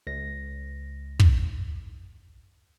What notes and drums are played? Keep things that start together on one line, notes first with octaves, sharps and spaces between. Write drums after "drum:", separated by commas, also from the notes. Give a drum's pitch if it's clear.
C#2 A#6
drum: kick